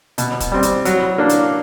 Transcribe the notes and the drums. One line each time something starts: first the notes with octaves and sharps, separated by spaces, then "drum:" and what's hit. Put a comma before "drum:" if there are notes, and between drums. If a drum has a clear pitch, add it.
B2, drum: hi-hat
drum: kick, hi-hat
G3 C4
drum: hi-hat
F#3, drum: hi-hat
A#3 D4
drum: hi-hat